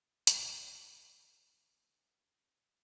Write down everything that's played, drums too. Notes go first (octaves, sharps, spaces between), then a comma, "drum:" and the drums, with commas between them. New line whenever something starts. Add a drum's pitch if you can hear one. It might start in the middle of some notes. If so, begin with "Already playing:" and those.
G#1, drum: hi-hat
D3 E3 F#3 A3
C3 F3